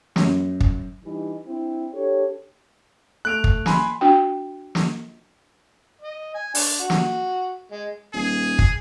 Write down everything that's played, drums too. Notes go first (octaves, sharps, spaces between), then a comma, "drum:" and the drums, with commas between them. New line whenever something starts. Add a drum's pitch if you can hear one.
F#2, drum: snare
drum: kick
E3 G3 D4 D#4
C4 D4 E4
D4 G4 A4 C#5
A3 F#6 D7 F7
drum: kick
G#5 B5 C6, drum: snare
D4 F#4 G5
drum: snare
D#5
G#5
D4, drum: open hi-hat
F#4
drum: snare
G#3
D#1 G#4
drum: kick